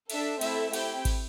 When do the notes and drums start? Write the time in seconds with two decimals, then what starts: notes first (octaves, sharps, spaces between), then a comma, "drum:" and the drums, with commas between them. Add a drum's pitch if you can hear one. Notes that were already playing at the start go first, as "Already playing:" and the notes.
0.10 D4 A4 E5, drum: cymbal
0.41 A3 C4 E4 A4 E5, drum: cymbal
0.73 C4 E4 G4 G5, drum: cymbal
1.05 drum: kick G#1, cymbal